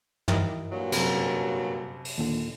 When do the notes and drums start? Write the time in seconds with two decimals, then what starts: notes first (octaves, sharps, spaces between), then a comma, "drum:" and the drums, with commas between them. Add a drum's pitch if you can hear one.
0.28 E4 A#4 D#5, drum: tom
0.72 G2 A#2 F#3
0.92 F#2 C3, drum: cymbal
2.05 drum: open hi-hat
2.18 D#2 A#2 D3